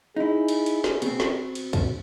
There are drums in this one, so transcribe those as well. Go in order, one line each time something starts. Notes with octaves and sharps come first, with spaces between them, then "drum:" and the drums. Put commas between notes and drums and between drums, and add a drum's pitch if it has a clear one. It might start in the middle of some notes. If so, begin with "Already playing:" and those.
D#4 E4 G#4
drum: cymbal
drum: cymbal
drum: snare
B2 C4, drum: cymbal
drum: snare
drum: cymbal
drum: kick, cymbal